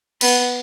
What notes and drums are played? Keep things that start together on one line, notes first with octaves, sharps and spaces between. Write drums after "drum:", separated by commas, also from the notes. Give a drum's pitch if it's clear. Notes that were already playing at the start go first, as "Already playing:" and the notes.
B3, drum: cymbal